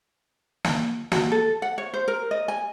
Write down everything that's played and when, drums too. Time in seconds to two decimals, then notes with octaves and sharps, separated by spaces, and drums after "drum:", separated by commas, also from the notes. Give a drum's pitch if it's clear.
0.64 drum: snare
1.12 F#4, drum: snare
1.32 A4
1.62 F#5
1.78 C#5
1.94 C5
2.08 A#4
2.31 D#5
2.48 G#5